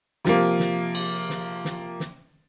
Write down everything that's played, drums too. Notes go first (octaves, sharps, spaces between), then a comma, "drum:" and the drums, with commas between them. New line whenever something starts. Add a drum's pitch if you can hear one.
C3 F3 A#3, drum: snare
drum: snare
drum: cymbal
drum: snare
drum: snare
drum: snare